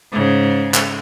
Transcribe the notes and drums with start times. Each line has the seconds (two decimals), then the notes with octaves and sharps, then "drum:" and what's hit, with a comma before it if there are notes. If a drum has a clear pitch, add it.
0.12 G#2 C#3
0.74 drum: clap